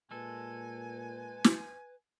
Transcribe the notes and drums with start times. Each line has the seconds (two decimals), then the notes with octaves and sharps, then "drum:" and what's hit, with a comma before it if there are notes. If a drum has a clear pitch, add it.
0.11 A#2 G#3 A4 B4 G#5
1.44 drum: snare